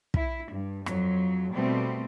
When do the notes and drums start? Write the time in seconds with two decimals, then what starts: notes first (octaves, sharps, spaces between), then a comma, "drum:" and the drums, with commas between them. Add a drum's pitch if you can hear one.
0.14 E4, drum: kick
0.52 G2
0.86 F2 F#3, drum: rim click
1.53 B2 G3 A3 C4